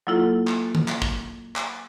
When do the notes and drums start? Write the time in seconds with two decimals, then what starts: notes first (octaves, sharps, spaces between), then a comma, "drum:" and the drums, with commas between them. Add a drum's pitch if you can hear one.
0.07 F#3 A#3 E4 F4 A4
0.47 drum: clap
0.75 drum: tom
0.88 drum: clap
1.02 drum: kick
1.56 drum: clap